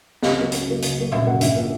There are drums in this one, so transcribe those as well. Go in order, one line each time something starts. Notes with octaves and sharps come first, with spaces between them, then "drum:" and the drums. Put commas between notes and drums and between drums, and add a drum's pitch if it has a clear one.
C#2 D#5, drum: snare
C#3 F#3 A#3
C#2, drum: hi-hat
C#3 F#3 A#3
C#2, drum: hi-hat
C#3 F#3 A#3
C#2 E5, drum: tom A#2
C#3 F#3 A#3 F#5
A#1 E5, drum: hi-hat
A#2 A#3